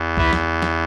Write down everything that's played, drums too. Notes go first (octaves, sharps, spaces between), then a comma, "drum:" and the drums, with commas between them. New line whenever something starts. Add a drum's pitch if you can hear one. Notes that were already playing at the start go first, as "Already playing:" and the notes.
Already playing: E2
E3 E4, drum: kick C#2
drum: snare
drum: snare